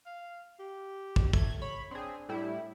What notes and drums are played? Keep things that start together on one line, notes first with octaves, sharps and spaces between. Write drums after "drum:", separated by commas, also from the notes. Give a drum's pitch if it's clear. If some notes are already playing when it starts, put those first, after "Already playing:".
F5
G4
drum: kick
A3 G#6, drum: kick
C#5 B5
C4 D4 G#4
A2 G3 E4